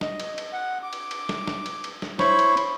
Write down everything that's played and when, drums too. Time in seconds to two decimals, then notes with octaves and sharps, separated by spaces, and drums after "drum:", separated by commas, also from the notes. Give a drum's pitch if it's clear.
0.01 D#5, drum: snare
0.20 drum: cymbal
0.38 drum: cymbal
0.53 F#5
0.83 D6
0.93 drum: cymbal
1.11 drum: cymbal
1.29 drum: snare
1.47 drum: snare
1.66 drum: cymbal
1.84 drum: cymbal
2.02 drum: snare
2.19 E4 C5 C#5 B5 C#6, drum: snare
2.39 drum: cymbal
2.57 drum: cymbal